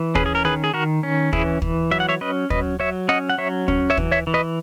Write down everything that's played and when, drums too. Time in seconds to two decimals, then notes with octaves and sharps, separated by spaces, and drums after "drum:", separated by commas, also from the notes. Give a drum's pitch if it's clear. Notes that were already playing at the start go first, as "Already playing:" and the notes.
Already playing: E3
0.15 C#4 G#4 B4, drum: kick
0.26 G#4
0.35 A#4
0.45 D#3 G#4 B4
0.64 G#4
0.74 D#3 F#4 A#4
1.03 C#4
1.33 E3 E4 G#4, drum: kick
1.62 E3, drum: kick
1.91 F#3 E5
2.00 F#5
2.09 C#5 E5
2.21 C#4 B4 D#5
2.50 F#3 B4 D#5, drum: kick
2.79 F#3 C#5 E5
3.09 C#4 D#5 F#5
3.30 F#5
3.38 F#3 C#5 E5
3.68 C#4, drum: kick
3.90 C#5 E5
3.97 E3, drum: kick
4.12 C#5 E5
4.27 E3
4.34 B4 D#5